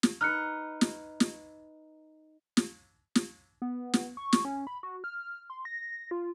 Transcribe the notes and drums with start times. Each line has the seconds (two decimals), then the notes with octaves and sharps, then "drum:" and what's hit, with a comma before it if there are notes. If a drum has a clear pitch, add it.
0.03 drum: snare
0.21 D#4 B4 F6 F#6 C#7
0.81 drum: snare
1.20 drum: snare
2.57 drum: snare
3.15 drum: snare
3.62 B3
3.94 drum: snare
4.17 C#6
4.33 drum: snare
4.45 C#4
4.67 B5
4.83 F#4
5.04 F6
5.50 C6
5.65 A#6
6.11 F4